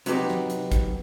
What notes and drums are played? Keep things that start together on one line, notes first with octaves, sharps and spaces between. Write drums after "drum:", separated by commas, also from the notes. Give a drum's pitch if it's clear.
C3 F#3 B3 D#4 F#4 G4, drum: hi-hat
drum: snare
drum: hi-hat
drum: kick, hi-hat